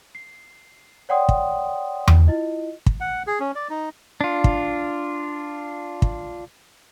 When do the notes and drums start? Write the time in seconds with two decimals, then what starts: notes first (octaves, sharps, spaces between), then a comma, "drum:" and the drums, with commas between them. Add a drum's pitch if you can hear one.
0.15 C7
1.09 C#5 D5 F#5 G5 C6 D#6
1.29 drum: kick
2.08 drum: tom E2
2.28 E4 F4 D#5
2.86 drum: kick
3.00 F#5
3.27 G#4
3.40 C#4
3.55 D5
3.70 D#4
4.21 D4 F4
4.44 drum: kick
6.02 drum: kick